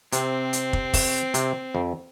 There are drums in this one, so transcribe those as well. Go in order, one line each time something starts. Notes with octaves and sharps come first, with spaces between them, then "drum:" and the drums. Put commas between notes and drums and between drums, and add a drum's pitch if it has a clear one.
C3 C4, drum: hi-hat
drum: hi-hat
drum: kick
drum: kick, open hi-hat
C3, drum: hi-hat
F2